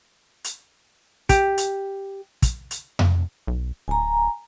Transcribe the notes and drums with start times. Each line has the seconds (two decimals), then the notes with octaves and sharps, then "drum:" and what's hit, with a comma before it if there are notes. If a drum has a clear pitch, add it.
0.44 drum: hi-hat
1.29 G4, drum: kick, hi-hat
1.58 drum: hi-hat
2.42 drum: kick, hi-hat
2.71 drum: hi-hat
2.99 drum: tom F2
3.47 B1
3.88 D1 G#5 A#5